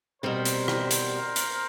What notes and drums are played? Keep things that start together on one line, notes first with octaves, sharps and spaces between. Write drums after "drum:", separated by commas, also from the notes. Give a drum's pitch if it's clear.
B2 G3 C4 A#4 C5
drum: hi-hat
drum: rim click
drum: hi-hat
drum: hi-hat